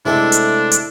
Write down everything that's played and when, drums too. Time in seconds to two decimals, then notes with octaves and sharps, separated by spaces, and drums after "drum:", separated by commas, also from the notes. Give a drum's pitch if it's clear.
0.06 C3 G#3 A3 D4 E4 A4
0.32 drum: hi-hat
0.71 drum: hi-hat